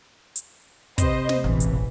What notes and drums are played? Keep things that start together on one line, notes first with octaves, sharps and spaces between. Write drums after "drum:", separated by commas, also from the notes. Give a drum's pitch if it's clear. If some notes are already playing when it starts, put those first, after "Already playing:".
drum: hi-hat
C3 C4 B4 C5 D#5, drum: kick, hi-hat
drum: snare
E1 A1 E3
drum: hi-hat